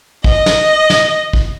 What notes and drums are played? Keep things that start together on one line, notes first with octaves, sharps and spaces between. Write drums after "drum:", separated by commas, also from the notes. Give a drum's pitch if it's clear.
D#5, drum: kick
drum: snare
drum: snare
drum: kick